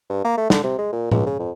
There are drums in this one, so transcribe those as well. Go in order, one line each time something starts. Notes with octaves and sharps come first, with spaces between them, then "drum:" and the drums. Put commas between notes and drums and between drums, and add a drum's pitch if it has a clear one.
G2
A#3
A3
D3, drum: snare
C3
G#3
A#2
C#2, drum: tom A2
C#3
F2